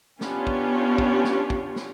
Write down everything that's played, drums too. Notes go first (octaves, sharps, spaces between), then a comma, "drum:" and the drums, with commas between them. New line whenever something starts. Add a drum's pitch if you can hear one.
B3 C#4 D4 F4 G4 C#5, drum: snare
drum: kick
drum: kick
drum: snare
drum: kick
drum: snare